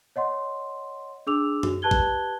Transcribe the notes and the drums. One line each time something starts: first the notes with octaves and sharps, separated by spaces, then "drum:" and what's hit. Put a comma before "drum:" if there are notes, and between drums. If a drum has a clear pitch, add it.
C#5 D#5 F#5 C6
D4 G#4 D6 E6 F7
F#4, drum: tom F#2
G4 B4 A5 F#6 G#6 G7
drum: kick A1